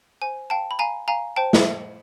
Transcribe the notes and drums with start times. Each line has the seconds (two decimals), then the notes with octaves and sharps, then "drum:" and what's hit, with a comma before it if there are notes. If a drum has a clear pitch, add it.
0.22 C5 G#5
0.50 F5 G5 A5
0.71 B5
0.79 F5 G#5 A#5
1.08 F5 G#5 A#5
1.36 C5 G5 A5
1.53 drum: snare
1.65 D#5